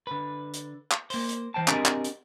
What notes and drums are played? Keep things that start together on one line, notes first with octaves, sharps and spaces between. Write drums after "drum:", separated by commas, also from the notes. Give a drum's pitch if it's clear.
D3 B4
drum: hi-hat
drum: clap
A#3 C5, drum: open hi-hat
drum: hi-hat
E3 C5 G5 A5
C4 D4 G4 G#4 A#4 D#5, drum: clap
drum: clap
drum: hi-hat